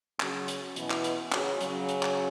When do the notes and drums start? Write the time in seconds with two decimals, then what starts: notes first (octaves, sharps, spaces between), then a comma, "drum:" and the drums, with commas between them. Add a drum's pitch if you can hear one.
0.20 C#3 F#3, drum: clap
0.48 drum: hi-hat
0.76 B2 E3, drum: hi-hat
0.90 drum: clap
1.04 drum: hi-hat
1.32 C#3 F#3, drum: clap
1.61 C#3 F#3, drum: hi-hat
1.89 drum: hi-hat
2.03 drum: clap